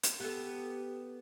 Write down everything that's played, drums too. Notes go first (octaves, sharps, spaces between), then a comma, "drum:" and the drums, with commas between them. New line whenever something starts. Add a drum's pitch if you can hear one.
drum: hi-hat
B3 G4 A4